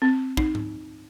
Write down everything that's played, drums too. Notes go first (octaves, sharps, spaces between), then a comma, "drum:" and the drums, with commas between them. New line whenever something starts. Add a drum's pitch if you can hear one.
C4
D#4, drum: kick
drum: tom G#2